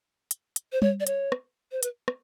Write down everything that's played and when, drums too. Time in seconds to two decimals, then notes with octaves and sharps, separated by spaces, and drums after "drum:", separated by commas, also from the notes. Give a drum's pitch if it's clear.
0.31 drum: hi-hat
0.56 drum: hi-hat
0.72 C5
0.82 C#5, drum: tom G3
1.00 D5
1.07 C#5, drum: hi-hat
1.32 drum: rim click
1.72 C5
1.83 B4, drum: hi-hat
2.08 drum: rim click